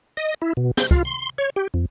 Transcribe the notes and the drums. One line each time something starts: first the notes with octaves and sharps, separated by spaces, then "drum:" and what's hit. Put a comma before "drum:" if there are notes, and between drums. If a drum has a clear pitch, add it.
D#5
E4
B2
G6, drum: snare
F4, drum: kick
C6
C#5
G4
F2